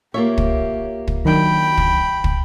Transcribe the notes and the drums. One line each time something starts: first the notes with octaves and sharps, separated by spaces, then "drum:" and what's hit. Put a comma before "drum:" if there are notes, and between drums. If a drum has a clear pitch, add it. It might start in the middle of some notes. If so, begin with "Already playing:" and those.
A#3 F4 G4 C#5 E5
drum: kick
drum: kick
D#3 F#3 D4 G5 B5
drum: kick
drum: kick